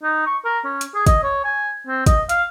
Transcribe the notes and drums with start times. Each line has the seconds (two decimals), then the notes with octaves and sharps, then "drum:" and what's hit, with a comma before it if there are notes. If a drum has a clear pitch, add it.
0.02 D#4
0.26 C#6
0.45 A#4
0.64 C#4
0.81 drum: hi-hat
0.95 G#4
1.07 D#5, drum: kick, hi-hat
1.23 C#5
1.44 G#5
1.87 C4
2.06 D#5, drum: kick, hi-hat
2.29 F5, drum: hi-hat